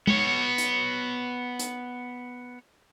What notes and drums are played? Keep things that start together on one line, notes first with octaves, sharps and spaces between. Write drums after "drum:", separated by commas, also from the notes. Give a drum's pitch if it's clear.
B3 C#5, drum: tom
drum: hi-hat
drum: hi-hat